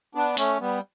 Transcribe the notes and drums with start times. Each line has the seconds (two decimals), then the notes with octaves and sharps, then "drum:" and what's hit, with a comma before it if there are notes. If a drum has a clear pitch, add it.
0.15 B3 D4
0.37 A3 C#4, drum: open hi-hat
0.60 G3 B3